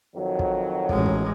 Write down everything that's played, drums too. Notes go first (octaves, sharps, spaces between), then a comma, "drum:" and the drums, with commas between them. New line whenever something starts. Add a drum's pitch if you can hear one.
F2 D#3 F#3
drum: kick
A1 G#3, drum: kick
drum: kick